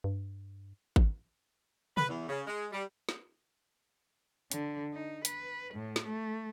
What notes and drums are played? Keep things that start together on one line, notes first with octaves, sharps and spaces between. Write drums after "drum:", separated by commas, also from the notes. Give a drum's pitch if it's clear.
G2
drum: kick G#1
B4, drum: tom C3
E2
C#3
G#3
G3
drum: snare
D3, drum: hi-hat
D#4
B4, drum: hi-hat
A2
drum: snare
A3